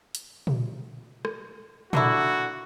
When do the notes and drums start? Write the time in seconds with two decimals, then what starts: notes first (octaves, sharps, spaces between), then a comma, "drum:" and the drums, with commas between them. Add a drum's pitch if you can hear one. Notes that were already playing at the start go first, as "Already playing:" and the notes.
0.15 drum: hi-hat
0.47 drum: tom A#2
1.25 drum: rim click
1.93 D3 A#3 E4 F#4, drum: tom A#2